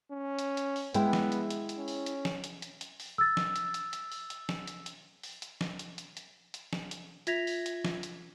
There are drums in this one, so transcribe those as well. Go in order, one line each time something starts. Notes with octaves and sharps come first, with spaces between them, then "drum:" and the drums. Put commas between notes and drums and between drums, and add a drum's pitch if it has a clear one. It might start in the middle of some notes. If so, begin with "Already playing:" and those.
C#4
drum: hi-hat
drum: hi-hat
drum: open hi-hat
G#3 B3 E4 G5, drum: hi-hat
drum: snare
drum: hi-hat
drum: hi-hat
drum: hi-hat
C#4
drum: open hi-hat
drum: hi-hat
drum: snare
drum: hi-hat
drum: hi-hat
drum: hi-hat
drum: open hi-hat
E6 A6
drum: snare
drum: hi-hat
drum: hi-hat
drum: hi-hat
drum: open hi-hat
drum: hi-hat
drum: snare
drum: hi-hat
drum: hi-hat
drum: open hi-hat
drum: hi-hat
drum: snare
drum: hi-hat
drum: hi-hat
drum: hi-hat
drum: hi-hat
drum: snare
drum: hi-hat
F4 E5 G#6 A#6 B6 F7, drum: hi-hat
drum: open hi-hat
drum: hi-hat
drum: snare
drum: hi-hat